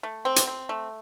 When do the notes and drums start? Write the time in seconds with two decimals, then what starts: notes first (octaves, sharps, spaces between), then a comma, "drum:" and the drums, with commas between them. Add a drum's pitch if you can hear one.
0.03 A3
0.25 C4
0.36 drum: hi-hat
0.47 C4
0.69 A3